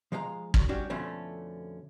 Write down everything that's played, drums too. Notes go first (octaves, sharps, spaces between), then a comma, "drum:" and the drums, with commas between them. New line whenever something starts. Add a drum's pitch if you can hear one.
F3 G#3 F5 F#5 A#5
D3 F#3, drum: kick
G3 C#4 D4 F#4 G4
F2 B2 D3 F3 A3 C#4